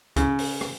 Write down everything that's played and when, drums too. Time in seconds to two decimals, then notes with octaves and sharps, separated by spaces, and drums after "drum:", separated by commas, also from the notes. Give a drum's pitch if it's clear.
0.16 C#3, drum: kick C#2, hi-hat
0.39 drum: open hi-hat
0.61 drum: rim click